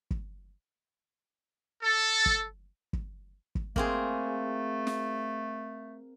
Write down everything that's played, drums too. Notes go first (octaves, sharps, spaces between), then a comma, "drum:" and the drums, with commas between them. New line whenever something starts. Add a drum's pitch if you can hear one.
drum: kick
A4
drum: kick
drum: kick
drum: kick
A3 A#3 C4 G#4, drum: kick
drum: snare